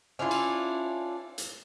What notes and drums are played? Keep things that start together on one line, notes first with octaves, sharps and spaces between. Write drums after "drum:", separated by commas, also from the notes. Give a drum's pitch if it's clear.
C#4 D4 E4 F4
drum: cymbal
drum: hi-hat